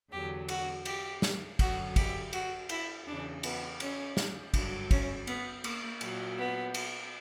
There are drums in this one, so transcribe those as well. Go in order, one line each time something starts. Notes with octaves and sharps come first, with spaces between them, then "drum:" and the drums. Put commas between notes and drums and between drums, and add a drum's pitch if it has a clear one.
E2 D3 F#3 G4
F#4, drum: cymbal
G4, drum: cymbal
drum: snare
F#2 D3 F#3 F#4, drum: kick, cymbal
G4, drum: kick, cymbal
F#4, drum: cymbal
E4, drum: cymbal
E2 C#3 E3 D4
B3, drum: cymbal
C#4, drum: cymbal
drum: snare
G2 D3 F#3 D4, drum: kick, cymbal
C#4, drum: kick, cymbal
B3, drum: cymbal
A#3, drum: cymbal
A#2 F#3, drum: cymbal
B3
drum: cymbal